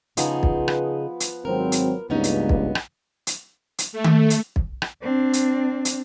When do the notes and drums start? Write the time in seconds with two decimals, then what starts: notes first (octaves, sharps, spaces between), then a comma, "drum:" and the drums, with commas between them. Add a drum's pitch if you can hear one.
0.17 C#3 F3 B3 D#4 G#4, drum: hi-hat
0.43 drum: kick
0.68 B4, drum: rim click
1.20 drum: hi-hat
1.45 G#1 F#3 C4 A#4
1.72 drum: hi-hat
2.10 C#2 G2 A#3 B3 C#4 D#4
2.24 drum: hi-hat
2.49 drum: kick
2.75 drum: rim click
3.27 drum: hi-hat
3.78 drum: hi-hat
3.93 A3
4.04 drum: tom D#3
4.30 drum: hi-hat
4.56 drum: kick
4.82 drum: rim click
5.02 C4 D4
5.33 drum: hi-hat
5.85 drum: hi-hat